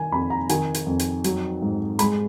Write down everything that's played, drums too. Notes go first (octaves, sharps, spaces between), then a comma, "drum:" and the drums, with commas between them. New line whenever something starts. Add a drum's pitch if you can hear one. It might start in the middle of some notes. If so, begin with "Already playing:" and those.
Already playing: D#3 G#5
F2 B5
A#5
D#3 G#5, drum: hi-hat
drum: hi-hat
F2
drum: hi-hat
F#3, drum: hi-hat
G#2
G#3 B5, drum: hi-hat